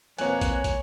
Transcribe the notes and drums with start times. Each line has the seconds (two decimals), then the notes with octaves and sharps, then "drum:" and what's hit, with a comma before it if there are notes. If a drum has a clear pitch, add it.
0.19 F2 B2 A#3 C#5 G#5 F#6, drum: hi-hat
0.41 drum: kick, hi-hat
0.64 drum: kick, hi-hat